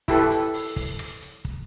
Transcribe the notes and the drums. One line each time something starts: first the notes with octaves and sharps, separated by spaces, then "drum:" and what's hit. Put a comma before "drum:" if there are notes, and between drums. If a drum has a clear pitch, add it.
E4 G4 A4 B4, drum: kick, hi-hat
drum: hi-hat
drum: open hi-hat
drum: kick, open hi-hat
drum: rim click
drum: hi-hat
drum: kick